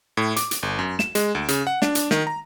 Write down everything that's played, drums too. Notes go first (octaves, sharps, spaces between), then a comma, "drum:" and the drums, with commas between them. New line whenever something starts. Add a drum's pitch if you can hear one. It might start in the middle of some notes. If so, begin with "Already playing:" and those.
A2
D6, drum: hi-hat
drum: hi-hat
G1
F#2
E7, drum: snare
G#3, drum: hi-hat
D2
C#3, drum: hi-hat
F#5
D4, drum: snare
drum: hi-hat
D#3, drum: snare
A#5